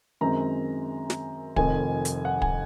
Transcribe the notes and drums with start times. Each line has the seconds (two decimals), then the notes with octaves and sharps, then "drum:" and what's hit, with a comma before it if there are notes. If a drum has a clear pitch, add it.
0.21 F#2 D#3 G#3 C4 A#5
1.10 drum: snare
1.56 F1 F2 D#3 G#5, drum: kick
2.05 drum: hi-hat
2.25 F#5
2.42 G#5, drum: kick